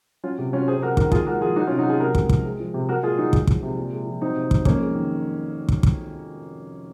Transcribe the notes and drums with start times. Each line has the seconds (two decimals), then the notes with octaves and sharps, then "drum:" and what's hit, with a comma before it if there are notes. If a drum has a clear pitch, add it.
0.24 F#3 C#4 F4
0.38 C3
0.53 F#3 C#4 F4
0.68 C3 G#4 C5
0.82 F#3 F#4 A#4
0.97 D#3 F#4 A#4, drum: kick
1.12 A#2 F4 G#4, drum: kick
1.27 G#3 F#4 A#4
1.41 F3 F4 G#4
1.56 F#3 D#4 F#4
1.67 C#4 F4
1.71 C3
1.78 D#4 F#4
1.85 F#3 F4 G#4
2.00 C3 F#4 A#4
2.15 G#3, drum: kick
2.29 F3, drum: kick
2.45 G#3
2.60 F3
2.74 C3
2.89 F#3 F#4 A#4
3.03 A#2 F4 G#4
3.18 F#3 D#4 F#4
3.33 G#3, drum: kick
3.47 F3, drum: kick
3.62 C3
3.77 A#2
3.91 G#3
4.06 F3
4.21 F#3 C4 D#4
4.36 C3
4.51 F#3, drum: kick
4.65 F2 A#3 C#4, drum: kick
4.80 G#3
4.95 D#3
5.69 drum: kick
5.83 drum: kick